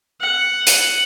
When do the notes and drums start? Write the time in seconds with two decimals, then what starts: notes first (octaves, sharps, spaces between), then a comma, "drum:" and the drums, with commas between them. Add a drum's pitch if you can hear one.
0.21 F#5
0.67 drum: hi-hat